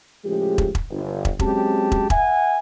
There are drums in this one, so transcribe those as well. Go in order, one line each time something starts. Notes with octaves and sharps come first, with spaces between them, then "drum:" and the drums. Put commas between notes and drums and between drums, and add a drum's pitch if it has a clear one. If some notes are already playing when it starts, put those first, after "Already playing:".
A2 C#3 F3 G#3 G4
drum: kick
drum: kick
G1
drum: kick
F#3 G#3 C4 C#4 G4 A5, drum: kick
drum: kick
E5 F#5 G#5, drum: kick